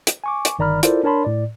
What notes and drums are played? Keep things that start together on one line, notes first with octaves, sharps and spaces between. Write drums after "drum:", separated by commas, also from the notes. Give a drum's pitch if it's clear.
drum: hi-hat
G#5 C#6 D6
drum: hi-hat
G1 D#3 D5 A#5 B5 F6
E4 F4 A4 A#4 C5 D5, drum: hi-hat
D4 A#4 C#5 A5 B5 C6
A2 D5